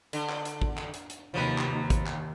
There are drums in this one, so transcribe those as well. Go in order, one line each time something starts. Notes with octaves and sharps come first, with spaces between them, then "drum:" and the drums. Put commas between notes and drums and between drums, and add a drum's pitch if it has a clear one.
D3, drum: hi-hat
drum: clap
drum: hi-hat
drum: kick
drum: clap
drum: hi-hat
drum: hi-hat
D#2 C3 F3 F#3 B4
drum: clap
D#2
drum: kick, hi-hat
drum: clap